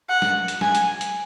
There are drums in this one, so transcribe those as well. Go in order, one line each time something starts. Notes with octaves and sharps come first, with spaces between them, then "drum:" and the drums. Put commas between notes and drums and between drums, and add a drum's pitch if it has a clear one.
F#5
drum: snare
drum: hi-hat
G#5, drum: snare
drum: hi-hat
drum: hi-hat